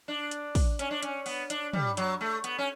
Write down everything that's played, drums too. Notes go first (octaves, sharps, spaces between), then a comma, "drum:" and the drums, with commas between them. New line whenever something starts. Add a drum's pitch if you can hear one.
D4
drum: hi-hat
drum: kick, open hi-hat
C#4, drum: hi-hat
D4
C#4, drum: hi-hat
B3, drum: open hi-hat
D4, drum: hi-hat
G3, drum: tom
F#3, drum: hi-hat
A3
B3, drum: hi-hat
C#4